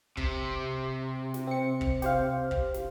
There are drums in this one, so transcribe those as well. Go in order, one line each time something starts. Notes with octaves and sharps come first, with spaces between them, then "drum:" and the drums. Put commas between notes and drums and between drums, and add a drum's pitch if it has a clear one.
C3, drum: kick
drum: snare
C4 C#7
drum: kick
G4 C5 F5, drum: snare
drum: kick
drum: snare